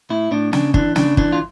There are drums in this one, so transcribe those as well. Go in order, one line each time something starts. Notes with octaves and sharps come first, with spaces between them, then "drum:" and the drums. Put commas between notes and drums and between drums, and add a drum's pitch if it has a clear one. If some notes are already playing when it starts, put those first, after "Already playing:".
A2 E4
A2 D4
C#3 D4, drum: snare
E3 D4, drum: kick
C#3 D4, drum: snare
E3 D4, drum: kick
F4